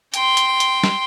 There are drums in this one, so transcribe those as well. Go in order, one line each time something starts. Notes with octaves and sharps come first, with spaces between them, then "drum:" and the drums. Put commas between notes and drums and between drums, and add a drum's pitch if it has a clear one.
G5 C6, drum: hi-hat
drum: hi-hat
drum: hi-hat
drum: snare